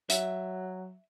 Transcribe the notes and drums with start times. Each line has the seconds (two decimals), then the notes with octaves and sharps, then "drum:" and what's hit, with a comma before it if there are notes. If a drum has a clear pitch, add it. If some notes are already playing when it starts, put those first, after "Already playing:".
0.10 F#3 E5, drum: hi-hat